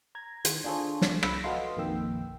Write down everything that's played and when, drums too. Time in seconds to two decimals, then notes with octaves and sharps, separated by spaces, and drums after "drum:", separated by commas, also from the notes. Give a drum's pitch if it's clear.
0.15 A#5 G#6
0.45 D#3, drum: hi-hat
0.64 D4 F4 G#4 A4 C5 C#5
1.01 drum: snare
1.23 B5 E6 A#6, drum: rim click
1.44 F#4 A4 B4 D#5 F5 C6
1.77 A#1 F2 D#3 A#3 G5 E6